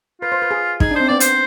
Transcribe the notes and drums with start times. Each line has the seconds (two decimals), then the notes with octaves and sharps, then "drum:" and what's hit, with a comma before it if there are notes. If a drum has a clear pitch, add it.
0.21 F4 B4
0.32 C5
0.42 B4
0.51 G#4
0.80 D#4 G#4, drum: kick
0.91 D4
0.96 C4 C5
1.08 B3 D5
1.20 C5, drum: hi-hat